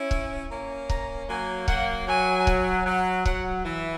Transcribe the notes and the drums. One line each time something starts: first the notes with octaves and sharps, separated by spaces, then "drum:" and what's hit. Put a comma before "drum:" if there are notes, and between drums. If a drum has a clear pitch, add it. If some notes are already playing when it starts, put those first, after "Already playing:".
Already playing: C#4 E4
drum: kick C#1
A#3 C#4
A#5, drum: kick C#1
F#3 A#3 G#5
F#3 A#3 F#5, drum: kick C#1
F#3 G#5
drum: kick C#1
F#3
F#3 F#5, drum: kick C#1
E3 E5